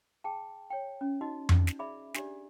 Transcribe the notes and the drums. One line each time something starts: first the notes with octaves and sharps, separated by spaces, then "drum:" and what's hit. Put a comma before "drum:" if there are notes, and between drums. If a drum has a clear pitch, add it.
G#4 G5 A5
C#5 G5
C#4
D#4 F#4 D#5
drum: tom F2
drum: snare
G#4 D5 E5 B5
D4 G4 D5, drum: snare